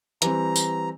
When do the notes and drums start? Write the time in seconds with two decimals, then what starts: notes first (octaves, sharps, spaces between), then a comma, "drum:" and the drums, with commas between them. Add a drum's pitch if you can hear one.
0.22 E3 G3 C4 A#5, drum: hi-hat
0.56 drum: tambourine